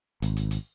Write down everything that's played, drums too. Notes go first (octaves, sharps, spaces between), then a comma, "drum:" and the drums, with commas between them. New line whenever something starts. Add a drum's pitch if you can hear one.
G#1, drum: hi-hat
drum: hi-hat
drum: hi-hat